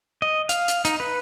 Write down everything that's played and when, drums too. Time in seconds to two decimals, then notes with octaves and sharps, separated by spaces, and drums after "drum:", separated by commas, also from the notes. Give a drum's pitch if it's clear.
0.22 D#5
0.49 F5, drum: hi-hat
0.68 drum: hi-hat
0.85 D#4, drum: hi-hat
1.00 B4